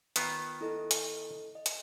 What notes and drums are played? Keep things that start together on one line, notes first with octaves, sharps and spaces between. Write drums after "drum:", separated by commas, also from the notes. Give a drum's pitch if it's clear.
D#3 B3 F4, drum: hi-hat
E4 A4 D#5
drum: hi-hat
D#5
drum: hi-hat